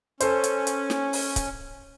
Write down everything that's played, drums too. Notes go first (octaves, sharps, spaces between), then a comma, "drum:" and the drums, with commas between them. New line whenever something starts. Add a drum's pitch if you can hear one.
C#4 A4 C5, drum: hi-hat
drum: hi-hat
drum: hi-hat
drum: snare
drum: open hi-hat
drum: kick, hi-hat